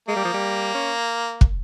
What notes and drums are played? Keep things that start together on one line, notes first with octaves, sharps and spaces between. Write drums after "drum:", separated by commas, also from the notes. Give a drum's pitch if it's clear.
G#3 A#3
G3
F3
G3
C#4
drum: kick